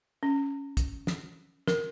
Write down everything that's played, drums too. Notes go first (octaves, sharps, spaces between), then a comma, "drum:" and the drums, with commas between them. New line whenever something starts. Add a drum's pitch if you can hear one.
C#4
drum: kick, hi-hat
drum: snare
A#4, drum: snare